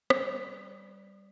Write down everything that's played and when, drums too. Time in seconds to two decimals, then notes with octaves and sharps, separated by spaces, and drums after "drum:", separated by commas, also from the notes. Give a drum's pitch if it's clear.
0.10 G3, drum: rim click